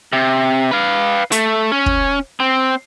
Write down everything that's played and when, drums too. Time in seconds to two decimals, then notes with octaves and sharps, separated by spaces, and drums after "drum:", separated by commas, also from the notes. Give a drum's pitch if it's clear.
0.13 C3
0.71 B4 F5
1.32 A3, drum: hi-hat
1.72 C#4
1.86 drum: kick
2.40 C4